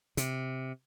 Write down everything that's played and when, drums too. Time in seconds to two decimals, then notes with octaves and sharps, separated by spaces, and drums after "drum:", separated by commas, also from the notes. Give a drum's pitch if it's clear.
0.17 C3, drum: hi-hat